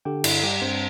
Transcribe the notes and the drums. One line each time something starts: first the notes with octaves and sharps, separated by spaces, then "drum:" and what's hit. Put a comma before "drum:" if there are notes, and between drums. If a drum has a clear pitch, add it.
D3 G4 G5
G2 E4, drum: cymbal
A4
G3 G4
G2 C4 C5